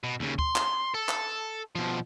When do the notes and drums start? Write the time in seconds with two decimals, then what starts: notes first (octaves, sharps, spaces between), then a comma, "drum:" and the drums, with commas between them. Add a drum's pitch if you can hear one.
0.04 B2
0.20 D#2 C#3
0.39 C6, drum: kick
0.56 drum: clap
0.94 A4
1.09 drum: clap
1.76 B2 F3